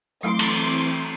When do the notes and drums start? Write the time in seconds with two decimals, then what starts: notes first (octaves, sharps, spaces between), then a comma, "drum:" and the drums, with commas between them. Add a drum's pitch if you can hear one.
0.23 E3 F#3 A3 C4 E4 C6 D6
0.39 drum: cymbal